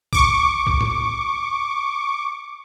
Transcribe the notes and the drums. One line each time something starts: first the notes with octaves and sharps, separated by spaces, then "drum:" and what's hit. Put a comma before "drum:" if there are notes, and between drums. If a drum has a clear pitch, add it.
C#6 D6, drum: kick
drum: kick
drum: tom A2